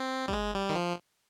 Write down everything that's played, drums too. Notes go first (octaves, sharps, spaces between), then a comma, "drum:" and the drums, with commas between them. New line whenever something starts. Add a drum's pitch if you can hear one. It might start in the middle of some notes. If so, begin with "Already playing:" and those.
Already playing: C4
G3, drum: kick
G#3
G3
D#3
F3